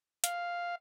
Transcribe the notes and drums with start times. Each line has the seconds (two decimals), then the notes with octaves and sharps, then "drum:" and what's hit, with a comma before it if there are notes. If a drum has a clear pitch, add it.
0.24 F5, drum: hi-hat